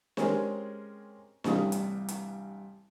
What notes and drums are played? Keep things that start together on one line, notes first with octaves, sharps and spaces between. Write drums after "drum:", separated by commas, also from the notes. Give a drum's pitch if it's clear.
G#3 C4 C#4 G4 G#4 A#4, drum: snare
A1 G2 C3 D#6, drum: snare
drum: hi-hat
drum: hi-hat